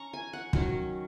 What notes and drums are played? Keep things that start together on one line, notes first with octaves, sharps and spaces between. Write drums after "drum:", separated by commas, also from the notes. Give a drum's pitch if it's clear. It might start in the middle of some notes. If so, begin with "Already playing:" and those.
Already playing: C#4 A#5 C#6
G#5
F#5
D#3 F#3 C#4, drum: kick